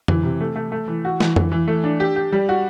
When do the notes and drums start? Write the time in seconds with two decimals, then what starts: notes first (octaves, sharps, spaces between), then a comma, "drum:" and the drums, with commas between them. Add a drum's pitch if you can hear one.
0.08 E3, drum: tom F2
0.23 C3
0.40 A3
0.56 A3
0.72 A3
0.88 E3
1.05 F#4
1.20 E3, drum: snare
1.36 E3, drum: tom F2
1.52 E3
1.68 A3
1.84 D4
2.00 G4
2.16 G4
2.32 G3
2.49 F#4